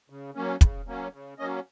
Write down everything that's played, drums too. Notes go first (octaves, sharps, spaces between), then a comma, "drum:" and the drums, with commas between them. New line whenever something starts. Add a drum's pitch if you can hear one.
C#3
F#3 A#3 C#4
C#3, drum: kick, hi-hat
F#3 A#3 C#4
C#3
F#3 A#3 C#4 D#5